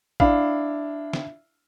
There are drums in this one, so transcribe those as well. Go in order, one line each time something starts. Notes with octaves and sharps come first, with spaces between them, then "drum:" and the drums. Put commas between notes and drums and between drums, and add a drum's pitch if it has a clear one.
D4 E4 F5, drum: kick
drum: snare